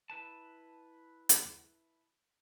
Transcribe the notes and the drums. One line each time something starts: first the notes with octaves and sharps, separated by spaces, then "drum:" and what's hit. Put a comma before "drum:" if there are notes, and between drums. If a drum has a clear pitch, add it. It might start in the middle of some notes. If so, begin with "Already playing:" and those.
E4 B4 A5
drum: hi-hat